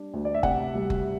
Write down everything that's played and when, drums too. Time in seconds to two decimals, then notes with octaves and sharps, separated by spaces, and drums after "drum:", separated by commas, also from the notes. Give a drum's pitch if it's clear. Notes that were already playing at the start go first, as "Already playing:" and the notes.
Already playing: G3 D4
0.13 D2
0.25 D5
0.34 E5
0.43 C3 F#5, drum: kick F#1
0.75 G3
0.90 drum: kick F#1